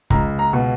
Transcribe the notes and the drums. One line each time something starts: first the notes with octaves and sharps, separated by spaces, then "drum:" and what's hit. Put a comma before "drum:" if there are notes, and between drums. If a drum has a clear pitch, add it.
C#2 A#5, drum: kick
A#5
B2